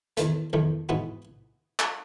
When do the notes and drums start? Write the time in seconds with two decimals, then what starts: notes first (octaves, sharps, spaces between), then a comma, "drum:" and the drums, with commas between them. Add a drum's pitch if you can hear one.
0.17 E2 D#3 A3, drum: hi-hat
0.53 E2 D#3 A3, drum: tom
0.89 G#2 E3 B3 D#4 F#4
1.79 drum: clap